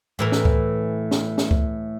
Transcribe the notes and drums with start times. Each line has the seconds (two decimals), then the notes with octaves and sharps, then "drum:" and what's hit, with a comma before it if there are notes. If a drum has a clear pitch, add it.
0.19 A2 E3 A#4
0.32 drum: snare
0.45 drum: kick C#2
1.11 drum: snare
1.38 drum: snare
1.51 drum: kick C#2